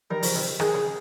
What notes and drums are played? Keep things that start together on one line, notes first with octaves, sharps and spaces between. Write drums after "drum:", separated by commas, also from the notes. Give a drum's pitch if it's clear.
D#3 G3 A#4
C#3 F3, drum: open hi-hat
C3 D#3
D#3 G#4, drum: rim click
C#3